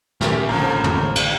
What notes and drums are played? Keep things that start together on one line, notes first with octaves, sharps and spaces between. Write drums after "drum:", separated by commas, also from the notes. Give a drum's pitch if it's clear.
C#2 A#2 D#3 F#3 G4, drum: snare
A1 A2 D3 F3 A#3 A4
drum: tom
drum: cymbal